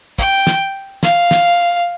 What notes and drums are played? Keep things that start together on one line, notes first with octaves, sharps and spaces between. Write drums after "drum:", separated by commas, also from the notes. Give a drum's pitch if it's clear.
G5, drum: kick
drum: snare
F5, drum: snare
drum: snare